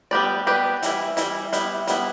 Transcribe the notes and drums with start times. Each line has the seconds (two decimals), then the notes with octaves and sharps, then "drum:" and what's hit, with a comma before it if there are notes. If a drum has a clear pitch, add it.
0.11 G3 B3 G4 B4 D5
0.47 G3 B3 G4 B4 D5
0.82 E3 G3 E4, drum: hi-hat
1.17 E3 G3 E4, drum: hi-hat
1.53 G3 B3 E4, drum: hi-hat
1.87 G3 B3 E4, drum: hi-hat